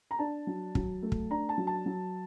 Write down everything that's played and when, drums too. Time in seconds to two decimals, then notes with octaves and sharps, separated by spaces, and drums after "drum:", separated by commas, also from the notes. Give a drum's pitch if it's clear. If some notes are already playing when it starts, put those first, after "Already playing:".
0.11 A#5
0.19 D4 A5
0.47 F#3
0.75 F#3, drum: kick
1.03 A3
1.12 drum: kick
1.30 D4 A#5
1.49 A5
1.58 F#3
1.67 A5
1.86 F#3